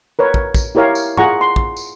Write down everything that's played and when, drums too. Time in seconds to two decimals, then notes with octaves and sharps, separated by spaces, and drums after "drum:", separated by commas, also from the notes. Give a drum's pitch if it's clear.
0.19 A#4 B4 C#5
0.34 drum: kick
0.55 drum: kick, tambourine
0.75 E4 G4 A#4 C#5 F5
0.95 drum: tambourine
1.17 F4 G#4 F#5 A#5 C#6, drum: tom G#2
1.41 C6
1.56 drum: kick
1.77 drum: tambourine